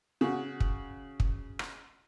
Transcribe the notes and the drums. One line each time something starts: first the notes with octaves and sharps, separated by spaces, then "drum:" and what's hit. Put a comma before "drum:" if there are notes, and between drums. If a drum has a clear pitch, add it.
C#3 F#4
drum: kick
drum: kick
drum: rim click